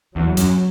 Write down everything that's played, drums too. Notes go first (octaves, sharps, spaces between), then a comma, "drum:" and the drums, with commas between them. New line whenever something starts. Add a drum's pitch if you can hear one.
E2 F#3
F#2, drum: hi-hat